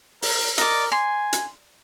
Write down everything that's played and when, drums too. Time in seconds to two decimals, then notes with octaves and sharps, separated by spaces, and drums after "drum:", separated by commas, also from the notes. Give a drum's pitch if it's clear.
0.22 A#4, drum: open hi-hat
0.58 A#4 D5 D#5, drum: hi-hat
0.92 G#5 C6
1.33 drum: hi-hat